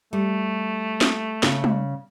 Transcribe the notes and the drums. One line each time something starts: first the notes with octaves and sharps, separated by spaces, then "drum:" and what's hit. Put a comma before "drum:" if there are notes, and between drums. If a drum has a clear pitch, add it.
G3 A3
drum: snare
C#3, drum: snare
drum: tom G3